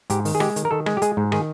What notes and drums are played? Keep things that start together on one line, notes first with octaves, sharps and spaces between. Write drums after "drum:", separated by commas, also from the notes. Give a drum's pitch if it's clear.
G#2 G4, drum: hi-hat
D#3, drum: open hi-hat
G#4
G#3 G4, drum: rim click
D#3, drum: hi-hat
A#4
D#3 A4
G#3, drum: rim click
G4
G#3 G#4, drum: hi-hat
G#2
D#3 G#4, drum: rim click